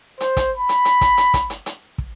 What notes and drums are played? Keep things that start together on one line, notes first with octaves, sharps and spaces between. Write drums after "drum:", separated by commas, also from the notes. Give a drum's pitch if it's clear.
C5, drum: hi-hat
drum: kick, hi-hat
B5
drum: hi-hat
drum: hi-hat
drum: kick, hi-hat
drum: hi-hat
drum: kick, hi-hat
drum: hi-hat
drum: hi-hat
drum: kick